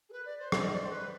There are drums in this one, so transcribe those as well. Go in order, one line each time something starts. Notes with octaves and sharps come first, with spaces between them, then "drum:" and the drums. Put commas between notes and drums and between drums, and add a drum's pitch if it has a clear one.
G#4
B4
D5
C5
D5, drum: rim click
D#5
D5
C5
B4